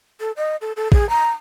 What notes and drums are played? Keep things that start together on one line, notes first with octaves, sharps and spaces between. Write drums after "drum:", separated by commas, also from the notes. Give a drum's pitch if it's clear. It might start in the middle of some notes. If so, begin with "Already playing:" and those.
A4
D#5
A4
A4
G#4, drum: kick
A#5